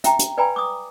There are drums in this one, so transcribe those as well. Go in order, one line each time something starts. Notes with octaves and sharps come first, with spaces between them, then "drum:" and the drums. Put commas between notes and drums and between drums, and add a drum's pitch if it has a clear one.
E5 G5 A#5, drum: hi-hat
drum: hi-hat
B4 D5 G5 G#5 A#5 B5
D6 D#6